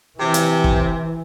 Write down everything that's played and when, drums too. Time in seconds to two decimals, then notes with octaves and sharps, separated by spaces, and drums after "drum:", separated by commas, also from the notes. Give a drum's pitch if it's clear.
0.19 C3 E3
0.34 drum: hi-hat
0.64 drum: kick